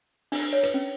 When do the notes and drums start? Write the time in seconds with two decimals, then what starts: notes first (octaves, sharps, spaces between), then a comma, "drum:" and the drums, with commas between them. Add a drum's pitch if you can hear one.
0.32 D4, drum: open hi-hat
0.42 D4
0.53 C#5
0.63 B4, drum: hi-hat
0.74 C#4